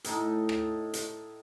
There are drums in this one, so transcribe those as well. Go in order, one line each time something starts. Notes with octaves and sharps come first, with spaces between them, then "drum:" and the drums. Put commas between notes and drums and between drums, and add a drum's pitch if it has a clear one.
A2 D#4 A5, drum: hi-hat
drum: rim click
drum: hi-hat